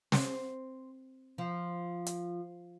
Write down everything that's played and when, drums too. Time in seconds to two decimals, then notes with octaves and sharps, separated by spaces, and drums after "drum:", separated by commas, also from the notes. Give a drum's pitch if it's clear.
0.12 C4, drum: snare
1.38 F3
2.06 drum: hi-hat